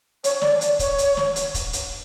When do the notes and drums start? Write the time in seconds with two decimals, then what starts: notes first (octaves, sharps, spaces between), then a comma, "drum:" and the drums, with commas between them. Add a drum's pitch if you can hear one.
0.24 C#5, drum: hi-hat
0.42 D5, drum: snare
0.61 D5, drum: hi-hat
0.79 C#5, drum: kick, hi-hat
0.98 drum: hi-hat
1.17 drum: snare
1.36 drum: hi-hat
1.54 drum: kick, hi-hat
1.73 drum: hi-hat